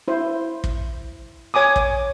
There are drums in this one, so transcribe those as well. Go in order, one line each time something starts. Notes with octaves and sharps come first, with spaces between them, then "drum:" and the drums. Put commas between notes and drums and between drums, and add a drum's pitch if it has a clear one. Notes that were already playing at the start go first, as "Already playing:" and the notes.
E4 C5
drum: kick
C#5 G#5 D6 D#6
drum: kick